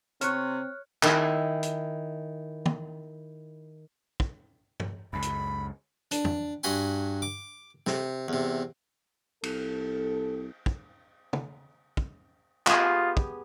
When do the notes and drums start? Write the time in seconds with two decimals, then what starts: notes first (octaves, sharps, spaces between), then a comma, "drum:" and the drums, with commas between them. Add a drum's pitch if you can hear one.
0.21 C3 C4 C#5 F6 F#6, drum: hi-hat
1.03 D#3 E4 G#5, drum: clap
1.63 drum: hi-hat
2.66 drum: tom
4.20 drum: kick
4.80 drum: tom G2
5.13 C#2 F#2 B5
5.22 drum: hi-hat
6.11 D4, drum: hi-hat
6.25 drum: tom
6.63 G2 F#4 G#5 B5 C6
7.22 D6
7.87 C3, drum: snare
8.28 E2 C3
9.43 C2 A4, drum: cymbal
10.66 drum: kick
11.33 drum: tom
11.97 drum: kick
12.67 B3 F4 G4 G#4, drum: clap
13.17 drum: kick